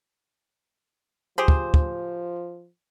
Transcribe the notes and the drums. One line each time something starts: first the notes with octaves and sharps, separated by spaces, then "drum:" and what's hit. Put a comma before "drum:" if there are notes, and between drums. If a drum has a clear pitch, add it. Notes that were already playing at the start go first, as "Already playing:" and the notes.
F3 G4 G#4 C5
drum: kick
drum: kick